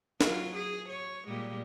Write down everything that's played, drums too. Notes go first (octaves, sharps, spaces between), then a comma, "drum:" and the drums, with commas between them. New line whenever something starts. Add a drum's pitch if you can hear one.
F#3 F4, drum: snare
G#4
C#5
A#2 G3 G#3